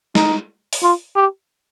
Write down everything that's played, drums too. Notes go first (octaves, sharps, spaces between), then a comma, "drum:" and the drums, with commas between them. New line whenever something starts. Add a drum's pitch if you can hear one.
D#4, drum: snare
drum: open hi-hat
F4
G4